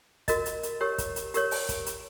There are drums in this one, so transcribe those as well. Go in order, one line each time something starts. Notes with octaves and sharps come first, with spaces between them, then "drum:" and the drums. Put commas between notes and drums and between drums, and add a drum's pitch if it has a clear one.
F#4 A#4 D#5, drum: kick, hi-hat
drum: hi-hat
drum: hi-hat
G4 A#4 C#5
drum: kick, hi-hat
drum: hi-hat
G4 A#4 C#5, drum: hi-hat
drum: open hi-hat
drum: kick, hi-hat
drum: hi-hat